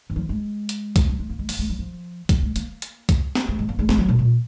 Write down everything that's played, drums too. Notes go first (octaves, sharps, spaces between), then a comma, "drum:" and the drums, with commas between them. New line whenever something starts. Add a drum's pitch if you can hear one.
D#3
F3
G#3
drum: hi-hat
drum: kick C2, hi-hat
F#3
G#3
A#3
G#3
A#3, drum: open hi-hat
G#3
F#3
F3
F#3, drum: kick C2, hi-hat
G#3
A#3, drum: hi-hat
drum: hi-hat
drum: kick C2, hi-hat
drum: snare
G#3
G#3
A#3
G#3
G#3, drum: snare
F#3
B2
A#2